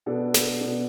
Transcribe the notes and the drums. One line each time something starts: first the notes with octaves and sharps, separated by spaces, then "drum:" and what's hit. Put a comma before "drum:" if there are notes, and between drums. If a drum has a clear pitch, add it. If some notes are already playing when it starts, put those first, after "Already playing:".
B2 B3 D4 A4
drum: snare
B2 B3 D4 A4